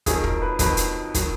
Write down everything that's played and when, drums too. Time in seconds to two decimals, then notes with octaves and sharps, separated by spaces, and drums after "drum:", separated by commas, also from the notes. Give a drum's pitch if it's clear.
0.06 F2 D#3 F#3 G#4, drum: kick, hi-hat
0.24 A#4, drum: kick
0.42 B4
0.59 F2 D#3 F#3 B4, drum: kick, hi-hat
0.77 drum: hi-hat
1.14 D#3 F#3, drum: kick, hi-hat